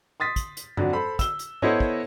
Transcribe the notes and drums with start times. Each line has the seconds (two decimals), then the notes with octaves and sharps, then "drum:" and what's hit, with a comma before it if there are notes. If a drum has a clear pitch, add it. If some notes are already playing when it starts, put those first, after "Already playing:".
0.20 C6 D#6 A6 B6
0.36 drum: kick, hi-hat
0.57 drum: hi-hat
0.77 F2 D3 F#3 D4, drum: tom G2
0.93 A4 C5 B5
1.19 E6 G7, drum: kick, hi-hat
1.39 drum: hi-hat
1.62 B3 E4 A4 C5 C#5 D#5, drum: tom G#2
1.80 drum: kick